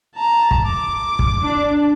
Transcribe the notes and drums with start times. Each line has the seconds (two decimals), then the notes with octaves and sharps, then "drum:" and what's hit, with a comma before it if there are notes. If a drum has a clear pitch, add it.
0.16 A5 A#5
0.51 drum: kick
0.66 D6
1.19 drum: kick
1.42 D4